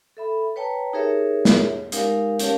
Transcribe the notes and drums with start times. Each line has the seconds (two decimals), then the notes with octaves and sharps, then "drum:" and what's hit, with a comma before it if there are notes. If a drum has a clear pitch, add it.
0.17 A4 E5 B5
0.56 B4 C#5 G5 A5 A#5
0.93 D#4 G4 G#4 A#4 C#5 E5
1.45 drum: snare
1.92 G#3 D#4 G4 A#4 F5, drum: hi-hat
2.39 C#4 G4 A#4 C#5 F5 A5, drum: hi-hat